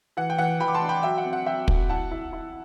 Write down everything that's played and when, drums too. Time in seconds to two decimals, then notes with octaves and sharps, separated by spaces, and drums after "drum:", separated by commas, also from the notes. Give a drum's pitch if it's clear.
0.17 E3 F#5
0.30 G5
0.38 E3 F#5
0.60 E3 G5 B5
0.68 D6
0.74 A5 C6
0.82 D4
0.89 G5 B5
1.03 F#3 E5 G5
1.18 F#5
1.25 C4
1.33 F#5
1.46 F#3 E5 G5
1.68 F#3, drum: kick
1.90 E4 F#5 A5
2.11 E4
2.33 E4